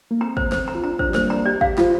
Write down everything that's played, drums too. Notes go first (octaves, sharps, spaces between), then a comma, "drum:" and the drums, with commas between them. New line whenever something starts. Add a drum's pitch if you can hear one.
A#3
C4 A#5
C5, drum: kick
C5, drum: snare
A#5
F4
D4 A#5
D4 C5, drum: kick
G3
A#3 C5, drum: snare
D4 A#5
G4 D5
F5, drum: kick
G4
F4 C5, drum: snare